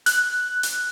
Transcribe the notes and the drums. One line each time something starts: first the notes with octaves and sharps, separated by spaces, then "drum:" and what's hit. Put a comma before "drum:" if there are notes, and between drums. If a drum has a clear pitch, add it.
F#6, drum: hi-hat
drum: hi-hat